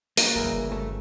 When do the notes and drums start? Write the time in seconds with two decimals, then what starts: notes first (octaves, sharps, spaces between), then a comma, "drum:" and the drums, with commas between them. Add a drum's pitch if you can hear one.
0.17 A#3 F#4 D5, drum: hi-hat
0.36 G1 C#3 E3 G#3 A#4
0.72 A3